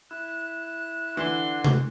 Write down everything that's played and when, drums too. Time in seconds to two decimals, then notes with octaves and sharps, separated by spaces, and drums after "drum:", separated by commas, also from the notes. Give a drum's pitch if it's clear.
0.11 E4 F#6
1.17 D3 E3 D4 C6
1.64 drum: tom C3